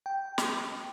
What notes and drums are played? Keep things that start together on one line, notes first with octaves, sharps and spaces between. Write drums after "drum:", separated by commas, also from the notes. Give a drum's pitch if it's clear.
G5
drum: snare